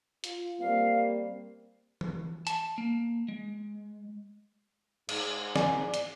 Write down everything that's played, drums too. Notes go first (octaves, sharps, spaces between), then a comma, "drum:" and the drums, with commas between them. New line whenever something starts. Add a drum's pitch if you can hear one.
F4, drum: hi-hat
G3 A#3 C4 F5
drum: tom E3
A5, drum: hi-hat
A#3
G#3
G#2, drum: cymbal
D5 G#5, drum: snare
drum: hi-hat